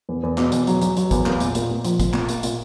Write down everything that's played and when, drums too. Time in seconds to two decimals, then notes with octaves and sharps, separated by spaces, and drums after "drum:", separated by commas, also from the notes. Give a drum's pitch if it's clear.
0.09 E2
0.23 E2
0.38 B2, drum: clap
0.52 E2, drum: hi-hat
0.67 F#3, drum: hi-hat
0.81 F#3, drum: hi-hat
0.97 F#3, drum: hi-hat
1.11 E2, drum: kick, hi-hat
1.26 A#3, drum: clap
1.40 A#2, drum: hi-hat
1.55 A#2, drum: hi-hat
1.70 A#3
1.85 F3, drum: hi-hat
2.00 A#2, drum: kick, hi-hat
2.14 A#2, drum: clap
2.29 A#3, drum: hi-hat
2.43 A#2, drum: hi-hat